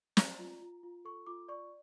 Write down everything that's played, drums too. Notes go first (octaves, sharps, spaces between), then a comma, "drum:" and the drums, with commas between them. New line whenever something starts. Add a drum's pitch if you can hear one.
D5 A#5, drum: snare
F4
F4
F4
A4 C#6
F4 D6
D5 C#6